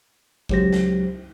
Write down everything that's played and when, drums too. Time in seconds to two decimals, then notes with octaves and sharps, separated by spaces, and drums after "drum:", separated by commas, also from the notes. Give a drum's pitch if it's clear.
0.49 C#2 F#3 G4 C5 A#6, drum: kick
0.73 drum: snare